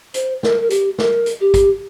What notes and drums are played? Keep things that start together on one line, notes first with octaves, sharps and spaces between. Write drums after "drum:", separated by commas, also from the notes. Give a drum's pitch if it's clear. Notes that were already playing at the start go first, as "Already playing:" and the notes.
C5, drum: hi-hat
A#4, drum: snare
A#4
G4, drum: hi-hat
A#4, drum: snare
drum: hi-hat
G4
drum: kick, hi-hat